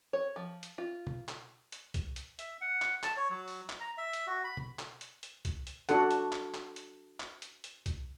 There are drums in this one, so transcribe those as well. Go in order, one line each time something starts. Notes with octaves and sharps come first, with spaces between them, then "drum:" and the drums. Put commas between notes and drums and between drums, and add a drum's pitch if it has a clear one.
C#5
F3
drum: hi-hat
F4
drum: tom B2
drum: clap
drum: hi-hat
drum: kick, hi-hat
drum: hi-hat
E5, drum: hi-hat
F#5
drum: clap
A5, drum: clap
C#5
F#3
drum: open hi-hat
drum: clap
A#5
E5
drum: hi-hat
F#4
B5
drum: tom B2
drum: clap
drum: hi-hat
drum: hi-hat
drum: kick, hi-hat
drum: hi-hat
D4 F#4 A4 F#5, drum: hi-hat
drum: hi-hat
drum: clap
drum: clap
drum: hi-hat
drum: clap
drum: hi-hat
drum: hi-hat
drum: kick, hi-hat